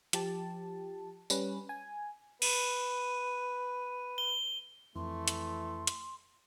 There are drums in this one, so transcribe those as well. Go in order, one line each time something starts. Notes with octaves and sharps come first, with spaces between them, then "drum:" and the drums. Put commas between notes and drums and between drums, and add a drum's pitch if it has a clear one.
F3 G4 A5, drum: hi-hat
G3 C#4 B4, drum: tambourine
G#5
B4 D#7, drum: cymbal
G7
F2 E3 A3 C6
drum: hi-hat
drum: hi-hat